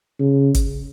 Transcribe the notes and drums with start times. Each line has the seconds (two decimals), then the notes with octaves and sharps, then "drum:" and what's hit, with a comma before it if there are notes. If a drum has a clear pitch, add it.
0.19 C#3
0.54 drum: kick G1, hi-hat